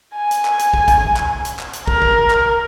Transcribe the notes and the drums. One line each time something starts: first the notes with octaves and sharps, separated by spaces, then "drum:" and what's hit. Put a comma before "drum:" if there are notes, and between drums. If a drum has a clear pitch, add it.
G#5
drum: hi-hat
drum: clap
drum: hi-hat
drum: kick
drum: kick, hi-hat
drum: clap
drum: hi-hat
drum: clap
drum: hi-hat
A#4, drum: kick
drum: kick
drum: clap